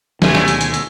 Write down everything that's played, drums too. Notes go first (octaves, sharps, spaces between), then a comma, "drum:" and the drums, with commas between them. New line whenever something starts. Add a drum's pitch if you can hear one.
D2 B2 D#3 G#3 A3 G#5, drum: snare
drum: snare
drum: hi-hat
drum: hi-hat
drum: hi-hat